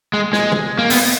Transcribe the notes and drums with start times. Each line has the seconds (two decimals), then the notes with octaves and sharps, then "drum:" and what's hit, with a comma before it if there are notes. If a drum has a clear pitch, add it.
0.13 G#3
0.33 G#3, drum: snare
0.52 drum: tom
0.79 A#3
0.90 B3, drum: open hi-hat